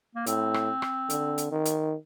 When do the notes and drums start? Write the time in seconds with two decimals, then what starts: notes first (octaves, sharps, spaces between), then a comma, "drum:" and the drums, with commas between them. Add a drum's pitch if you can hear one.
0.15 A#3
0.26 A2 C4, drum: hi-hat
0.54 drum: rim click
0.82 drum: rim click
1.10 D3, drum: hi-hat
1.38 drum: hi-hat
1.52 D#3
1.65 drum: hi-hat